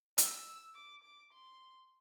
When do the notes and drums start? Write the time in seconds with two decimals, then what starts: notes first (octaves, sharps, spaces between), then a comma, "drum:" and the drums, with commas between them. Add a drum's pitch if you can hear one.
0.18 E6, drum: hi-hat
0.74 D6
1.03 D6
1.33 C6